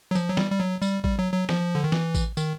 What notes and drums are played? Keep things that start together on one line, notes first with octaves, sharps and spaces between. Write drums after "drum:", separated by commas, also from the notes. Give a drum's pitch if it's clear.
F#3
F3, drum: tambourine
F#3
G3, drum: snare
G3
F#3
G3, drum: tambourine
G3, drum: kick A1
F#3
F#3
F3, drum: snare
D3
D#3
E3, drum: snare
drum: kick A1, tambourine
D#3, drum: tambourine